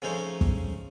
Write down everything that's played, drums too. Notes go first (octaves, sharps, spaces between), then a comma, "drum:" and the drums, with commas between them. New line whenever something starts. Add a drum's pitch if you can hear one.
C#3 F3 A3 C#4 D#4 C5
drum: kick